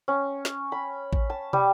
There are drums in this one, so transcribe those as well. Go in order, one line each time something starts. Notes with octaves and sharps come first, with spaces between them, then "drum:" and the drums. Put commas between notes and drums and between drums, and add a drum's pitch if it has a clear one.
C#4
drum: snare
B5
drum: kick A1
A5
G3, drum: tom